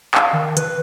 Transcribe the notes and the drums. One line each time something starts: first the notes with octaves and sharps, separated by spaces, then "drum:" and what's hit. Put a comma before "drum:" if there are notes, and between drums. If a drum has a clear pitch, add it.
F5, drum: clap
D#3
B4, drum: hi-hat